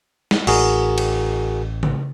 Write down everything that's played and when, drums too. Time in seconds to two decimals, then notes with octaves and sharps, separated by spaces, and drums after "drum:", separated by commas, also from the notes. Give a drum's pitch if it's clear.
0.31 drum: snare
0.47 A1 F#4 G#4 A#4, drum: cymbal
0.98 drum: cymbal
1.83 drum: tom C#3